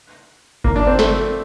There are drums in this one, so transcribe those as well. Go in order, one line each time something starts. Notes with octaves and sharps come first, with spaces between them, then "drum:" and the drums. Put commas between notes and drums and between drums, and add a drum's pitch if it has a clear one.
A#3, drum: kick G1
D4
C4
A3, drum: snare